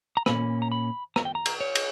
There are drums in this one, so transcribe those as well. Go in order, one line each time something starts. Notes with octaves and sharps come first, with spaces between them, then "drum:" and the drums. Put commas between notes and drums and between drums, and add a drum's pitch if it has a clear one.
A#5
A#2 A#3 C#4 B5, drum: rim click
A#5
B5
A#5, drum: rim click
G5
A#5
drum: cymbal
C#5
drum: cymbal